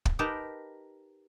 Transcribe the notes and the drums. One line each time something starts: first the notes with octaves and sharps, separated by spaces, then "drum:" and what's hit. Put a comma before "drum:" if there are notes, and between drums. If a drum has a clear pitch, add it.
drum: kick
D#4 G4 A#4 B4 A5